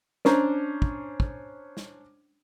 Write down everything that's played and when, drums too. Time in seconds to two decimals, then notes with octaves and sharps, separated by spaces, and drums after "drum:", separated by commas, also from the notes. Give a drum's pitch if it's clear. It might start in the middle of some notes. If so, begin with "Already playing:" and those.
0.25 C#4 D4 C5 A#5, drum: snare
0.82 drum: kick
1.20 drum: kick
1.77 drum: snare